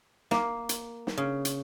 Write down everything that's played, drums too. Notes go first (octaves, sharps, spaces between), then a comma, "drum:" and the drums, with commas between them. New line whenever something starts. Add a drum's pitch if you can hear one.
A#3, drum: snare
drum: hi-hat
drum: snare
C#3
drum: hi-hat